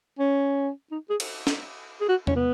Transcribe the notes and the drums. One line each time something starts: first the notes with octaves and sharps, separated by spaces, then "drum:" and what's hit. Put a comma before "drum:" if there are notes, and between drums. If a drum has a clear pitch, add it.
C#4
D#4
G#4
drum: cymbal
drum: snare
G#4
F#4
C#4, drum: tom E2
B3